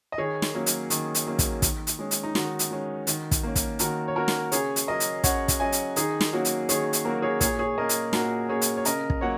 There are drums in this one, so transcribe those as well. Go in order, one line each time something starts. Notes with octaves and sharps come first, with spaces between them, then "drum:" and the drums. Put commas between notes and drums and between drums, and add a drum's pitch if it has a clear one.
D#5
D#3 G#4 C#5
drum: snare
F#3 A#3 C#4
drum: hi-hat
D#3, drum: hi-hat
drum: hi-hat
F#3 A#3 C#4
drum: kick, hi-hat
D#3, drum: kick, hi-hat
drum: hi-hat
G#3 C#4
drum: hi-hat
D#4
D#3 F#4, drum: snare
drum: hi-hat
G#3 C#4
D#3, drum: hi-hat
drum: kick, hi-hat
A#3 C#4
drum: kick, hi-hat
D#3 F#4 A#4, drum: hi-hat
C#5
A#3 C#4 F#4 A#4
drum: snare
C#3 G#4 C#5, drum: hi-hat
drum: hi-hat
F#3 C#4 A#4 D#5
drum: hi-hat
C#3 C#5 F#5, drum: kick, hi-hat
drum: kick, hi-hat
F#3 C#4 D#5 G#5
drum: hi-hat
D#3 D#4 G#4, drum: hi-hat
drum: snare
F#3 A#3 C#4 F#4
drum: hi-hat
D#3 G#4 C#5, drum: hi-hat
drum: hi-hat
F#3 A#3 C#4 F#4 A#4
G#4 C#5
A#2 G#4 C#5, drum: kick, hi-hat
G#4 C#5
A#3 C#4 A#4 D#5
drum: hi-hat
A#2 F#4 A#4, drum: snare
A#3 C#4 G#4 C#5
drum: hi-hat
C#5
C#3 A#4 D#5, drum: hi-hat
drum: kick
F#3 A#3 C#5 F#5